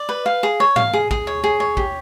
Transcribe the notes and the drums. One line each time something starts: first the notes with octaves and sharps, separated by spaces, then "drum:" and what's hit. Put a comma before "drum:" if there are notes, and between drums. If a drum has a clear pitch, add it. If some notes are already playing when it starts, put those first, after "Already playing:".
Already playing: D5
B4
F5
G#4
C#5
F5, drum: tom G#2
G#4
G#4, drum: kick
C#5
G#4
C#5
G4, drum: kick